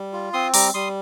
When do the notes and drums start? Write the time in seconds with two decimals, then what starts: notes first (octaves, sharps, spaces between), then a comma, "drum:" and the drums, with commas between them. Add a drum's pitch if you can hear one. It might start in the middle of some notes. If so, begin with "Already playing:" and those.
Already playing: G3
0.13 F4
0.33 C4 C6 D#6
0.54 G3 A#5 D6, drum: open hi-hat
0.74 G3 C6 D#6